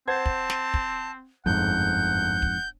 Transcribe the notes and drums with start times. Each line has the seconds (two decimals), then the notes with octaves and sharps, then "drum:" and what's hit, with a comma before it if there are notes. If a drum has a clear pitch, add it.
0.08 C4 C5 F#5 A5 G#6
0.26 drum: kick
0.50 drum: snare
0.74 drum: kick
1.46 G1 F2 G#2 F#5 G6
2.42 drum: kick